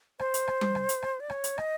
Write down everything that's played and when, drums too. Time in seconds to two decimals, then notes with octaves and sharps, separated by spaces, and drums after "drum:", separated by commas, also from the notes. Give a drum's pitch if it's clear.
0.19 C5, drum: rim click
0.34 drum: hi-hat
0.48 drum: rim click
0.61 drum: tom G3
0.75 drum: rim click
0.89 drum: hi-hat
1.02 drum: rim click
1.20 D5
1.30 C#5, drum: rim click
1.44 drum: hi-hat
1.58 D#5, drum: rim click